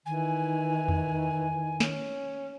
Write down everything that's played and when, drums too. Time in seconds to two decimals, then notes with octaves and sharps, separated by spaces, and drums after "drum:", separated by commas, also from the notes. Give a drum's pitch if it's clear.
0.06 D#3 E3 G#5
0.88 drum: tom E2
1.80 C#4, drum: snare